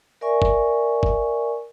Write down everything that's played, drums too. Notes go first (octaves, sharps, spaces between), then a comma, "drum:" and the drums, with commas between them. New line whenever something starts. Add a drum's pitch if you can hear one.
A#4 D5 E5 G#5 C#6
drum: kick
drum: kick